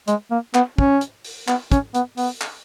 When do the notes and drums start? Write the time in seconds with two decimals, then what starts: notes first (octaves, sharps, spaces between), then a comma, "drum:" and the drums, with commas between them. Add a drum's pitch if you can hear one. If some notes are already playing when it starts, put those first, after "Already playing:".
0.08 G#3, drum: hi-hat
0.31 A#3
0.54 B3, drum: clap
0.78 C#4, drum: kick
1.01 drum: hi-hat
1.25 drum: open hi-hat
1.48 B3, drum: clap
1.72 C#4, drum: kick, hi-hat
1.94 B3, drum: hi-hat
2.17 B3, drum: open hi-hat
2.41 drum: clap